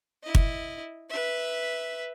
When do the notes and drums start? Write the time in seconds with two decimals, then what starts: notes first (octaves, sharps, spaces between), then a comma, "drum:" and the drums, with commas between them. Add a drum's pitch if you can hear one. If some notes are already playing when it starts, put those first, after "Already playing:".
0.23 E4 D#5
0.35 drum: kick
1.10 B4 E5